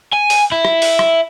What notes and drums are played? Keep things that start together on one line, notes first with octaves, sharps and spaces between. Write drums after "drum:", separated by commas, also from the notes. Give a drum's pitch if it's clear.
G#5
drum: open hi-hat
E4
drum: rim click
drum: open hi-hat
drum: rim click